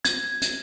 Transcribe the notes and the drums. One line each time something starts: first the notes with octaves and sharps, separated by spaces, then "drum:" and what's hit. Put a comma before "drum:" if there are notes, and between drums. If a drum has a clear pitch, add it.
G#6, drum: hi-hat
drum: hi-hat